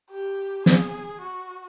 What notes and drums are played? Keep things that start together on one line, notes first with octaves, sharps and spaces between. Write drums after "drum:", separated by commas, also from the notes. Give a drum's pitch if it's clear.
G4
G#4, drum: snare
F#4